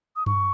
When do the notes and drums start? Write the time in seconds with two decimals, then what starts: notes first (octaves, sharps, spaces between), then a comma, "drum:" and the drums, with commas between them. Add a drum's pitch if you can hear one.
0.16 D#6
0.26 C#6, drum: tom G2